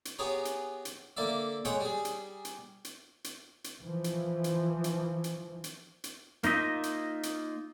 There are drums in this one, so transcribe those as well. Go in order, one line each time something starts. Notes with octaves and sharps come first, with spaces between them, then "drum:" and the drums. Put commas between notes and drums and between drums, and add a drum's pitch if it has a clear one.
drum: hi-hat
B3 G4 G#4 C#5 A#5
drum: hi-hat
drum: hi-hat
D3 A#3 D5 E5
G#3 C#5 F#5 G5, drum: hi-hat
G3 G#4
drum: hi-hat
drum: hi-hat
drum: hi-hat
drum: hi-hat
drum: hi-hat
E3 F3
drum: hi-hat
drum: hi-hat
drum: hi-hat
drum: hi-hat
drum: hi-hat
drum: hi-hat
A#3 D#4 F4 D#5 E5, drum: hi-hat
drum: hi-hat
drum: hi-hat